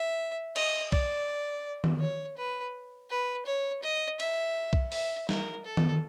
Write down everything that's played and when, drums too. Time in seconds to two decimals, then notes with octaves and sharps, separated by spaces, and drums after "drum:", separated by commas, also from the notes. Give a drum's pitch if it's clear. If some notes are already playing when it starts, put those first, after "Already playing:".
Already playing: E5
0.56 D#5, drum: cymbal
0.92 D5, drum: kick B1
1.84 drum: tom D#3
2.00 C#5
2.37 B4
3.10 B4
3.46 C#5
3.83 D#5
4.20 E5, drum: cymbal
4.73 drum: kick B1
4.92 E5, drum: open hi-hat
5.29 A#4, drum: snare
5.65 A4
5.77 drum: tom D#3